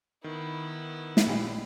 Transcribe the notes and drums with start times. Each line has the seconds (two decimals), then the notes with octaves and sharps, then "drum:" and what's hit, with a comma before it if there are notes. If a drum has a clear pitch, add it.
0.24 D#3 B3 E4
1.17 drum: snare
1.26 A#1 D#4 G4